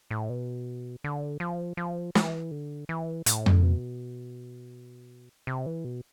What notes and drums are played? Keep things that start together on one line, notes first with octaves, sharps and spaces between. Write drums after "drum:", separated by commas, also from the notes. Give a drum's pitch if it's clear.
A2
B2
D3
F3
F3
E3, drum: snare
D3
E3
A2, drum: hi-hat
drum: tom F2
B2
C3
E3
B2